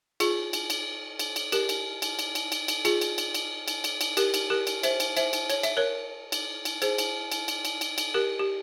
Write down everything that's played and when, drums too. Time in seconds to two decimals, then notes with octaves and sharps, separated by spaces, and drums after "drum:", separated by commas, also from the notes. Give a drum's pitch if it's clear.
0.20 F4 G#4, drum: cymbal
0.53 drum: cymbal
0.70 drum: cymbal
1.19 drum: cymbal
1.36 drum: cymbal
1.52 G4 A#4, drum: cymbal
1.69 drum: cymbal
2.02 drum: cymbal
2.19 drum: cymbal
2.35 drum: cymbal
2.52 drum: cymbal
2.68 drum: cymbal
2.85 F4 G#4, drum: cymbal
3.01 drum: cymbal
3.18 drum: cymbal
3.34 drum: cymbal
3.68 drum: cymbal
3.84 drum: cymbal
4.01 drum: cymbal
4.17 G4 A#4, drum: cymbal
4.34 drum: cymbal
4.50 G4 A#4
4.67 drum: cymbal
4.83 C5 E5, drum: cymbal
5.00 drum: cymbal
5.17 C5 E5, drum: cymbal
5.33 drum: cymbal
5.50 C#5, drum: cymbal
5.63 E5, drum: cymbal
5.77 A#4 C#5
6.32 drum: cymbal
6.65 drum: cymbal
6.82 G#4 C5, drum: cymbal
6.98 drum: cymbal
7.32 drum: cymbal
7.48 drum: cymbal
7.65 drum: cymbal
7.81 drum: cymbal
7.98 drum: cymbal
8.14 G4 A#4
8.39 G4